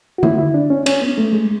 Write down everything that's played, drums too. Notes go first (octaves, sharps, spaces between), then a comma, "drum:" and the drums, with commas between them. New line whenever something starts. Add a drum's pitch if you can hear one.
F#4
E4, drum: tom D3
F#4
E4
D4
C#4
C#4, drum: cymbal
B3
A3
G#3